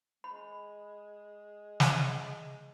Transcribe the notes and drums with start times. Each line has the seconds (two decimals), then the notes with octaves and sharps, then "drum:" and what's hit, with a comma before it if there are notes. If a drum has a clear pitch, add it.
0.24 G#3 B5
1.80 drum: snare